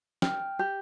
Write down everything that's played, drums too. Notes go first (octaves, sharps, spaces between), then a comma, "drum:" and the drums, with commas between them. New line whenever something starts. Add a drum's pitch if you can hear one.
G5 F6, drum: snare
G4